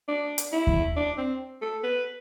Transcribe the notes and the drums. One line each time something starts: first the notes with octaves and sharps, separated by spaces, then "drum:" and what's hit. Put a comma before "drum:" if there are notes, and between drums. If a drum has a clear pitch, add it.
D4
drum: hi-hat
E4
drum: kick D#2
D4
C4
A4
B4